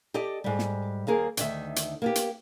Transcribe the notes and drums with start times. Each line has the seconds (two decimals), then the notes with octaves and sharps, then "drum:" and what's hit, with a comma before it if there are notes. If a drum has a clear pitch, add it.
0.14 G4 A4 D5 D#5
0.44 G#2 G3
0.59 drum: snare
1.07 D#2 A#3 G#4 A#4
1.37 D2 D#3 E5, drum: hi-hat
1.76 drum: hi-hat
2.02 A#3 B3 G4
2.15 drum: hi-hat